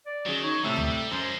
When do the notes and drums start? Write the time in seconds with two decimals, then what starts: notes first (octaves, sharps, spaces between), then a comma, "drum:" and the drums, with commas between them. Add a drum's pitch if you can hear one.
0.06 D5
0.26 D#3 F#3 C#4 G#4
0.43 D#4 C#5
0.64 A2 C3 G3 A3 A4 E5
0.76 drum: tom
1.11 F#2 F3 G#3 C5